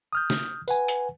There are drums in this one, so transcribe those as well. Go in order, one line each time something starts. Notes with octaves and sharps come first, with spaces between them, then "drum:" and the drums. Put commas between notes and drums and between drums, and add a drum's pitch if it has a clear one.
D#6 F6 G6
drum: snare
B4 F#5 G#5, drum: tambourine
drum: hi-hat